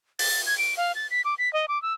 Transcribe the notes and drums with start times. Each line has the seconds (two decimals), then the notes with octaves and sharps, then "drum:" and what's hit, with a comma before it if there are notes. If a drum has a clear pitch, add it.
0.19 A6, drum: open hi-hat
0.46 G#6
0.58 D7
0.77 F5
0.95 A6
1.11 B6
1.25 D6
1.38 B6
1.53 D#5
1.68 D6
1.82 E6